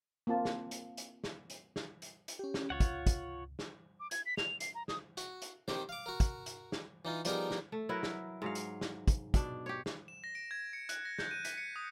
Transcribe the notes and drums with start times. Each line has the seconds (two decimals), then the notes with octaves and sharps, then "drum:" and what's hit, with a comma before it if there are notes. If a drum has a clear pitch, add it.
0.27 A#3 C4 F4 A5
0.45 drum: snare
0.71 drum: hi-hat
0.97 drum: hi-hat
1.24 drum: snare
1.50 drum: hi-hat
1.76 drum: snare
2.02 drum: hi-hat
2.28 drum: hi-hat
2.39 C#4 G4
2.54 drum: snare
2.70 C#2 F4 C#5 F#5
2.80 drum: kick, hi-hat
3.07 drum: kick, hi-hat
3.59 drum: snare
4.00 D6
4.11 G#6, drum: hi-hat
4.26 B6
4.37 F7, drum: snare
4.60 C7, drum: hi-hat
4.74 A#5
4.88 D#6, drum: snare
5.17 F#4, drum: hi-hat
5.42 drum: hi-hat
5.68 D#3 C4 G4 C5, drum: snare
5.89 F5 D6
6.06 F#4 A#4
6.20 drum: kick, hi-hat
6.46 drum: hi-hat
6.72 drum: snare
7.05 E3 D#4 F4
7.25 F3 G3 B3 D#4 G#4 A#4, drum: hi-hat
7.51 drum: snare
7.72 A3
7.89 F#3 E4 A#4 B4
8.03 drum: snare
8.42 G#2 F#3 F5
8.55 drum: hi-hat
8.81 drum: snare
9.08 drum: kick, hi-hat
9.34 B2 D4, drum: kick, hi-hat
9.66 G4 C#5
9.86 drum: snare
10.08 E7
10.24 A#6
10.35 D7
10.51 G#6
10.73 C#7
10.89 F#6, drum: hi-hat
11.05 A#6
11.19 G6, drum: snare
11.31 D#7
11.45 B6, drum: hi-hat
11.58 C#7
11.76 D#6